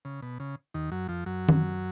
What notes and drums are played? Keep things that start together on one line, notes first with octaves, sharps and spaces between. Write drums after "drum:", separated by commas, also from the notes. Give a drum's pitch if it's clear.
C#3
B2
C#3
D#2 D#3
F#2 F#3
F2 F3
F#2 F#3
drum: tom D#3